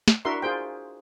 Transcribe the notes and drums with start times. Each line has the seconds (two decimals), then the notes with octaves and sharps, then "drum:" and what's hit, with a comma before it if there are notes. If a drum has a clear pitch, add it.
0.08 drum: snare
0.25 D4 E4 F#4 A#4 E5 C6
0.42 F4 G#4 C5 G5